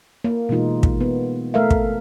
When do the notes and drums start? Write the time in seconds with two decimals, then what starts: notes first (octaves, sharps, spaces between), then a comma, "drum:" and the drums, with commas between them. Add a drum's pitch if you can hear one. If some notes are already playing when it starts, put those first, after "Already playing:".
0.24 A#3
0.49 B2 E3 G#3 D#4 F4
0.83 drum: kick
1.01 B3
1.54 A3 A#4 E5 F5
1.71 drum: kick